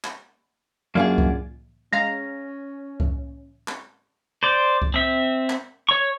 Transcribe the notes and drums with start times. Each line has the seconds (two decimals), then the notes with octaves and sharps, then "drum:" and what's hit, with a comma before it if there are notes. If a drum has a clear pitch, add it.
0.04 drum: clap
0.95 F#2 A#3 D4 F4 G#4
1.18 drum: kick C2
1.93 G#3 C#4 F5 A#5 A#6
3.00 drum: kick C2
3.68 drum: clap
4.43 C5 D5
4.82 drum: kick C2
4.94 C4 E5
5.50 drum: clap
5.89 C#5 C#6